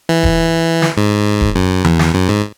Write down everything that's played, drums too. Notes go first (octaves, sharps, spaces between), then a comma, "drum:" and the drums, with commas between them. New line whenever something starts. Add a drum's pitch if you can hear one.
E3
drum: kick D#1
drum: snare
G#2
drum: kick D#1
F#2
E2, drum: tom E3
drum: snare
F#2
G#2